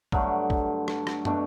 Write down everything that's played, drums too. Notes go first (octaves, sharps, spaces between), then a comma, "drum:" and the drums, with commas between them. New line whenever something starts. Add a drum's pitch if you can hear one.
G2 D3 F#3 A3, drum: kick
drum: kick
drum: rim click
drum: rim click
B2 A3 D4 F#4, drum: tom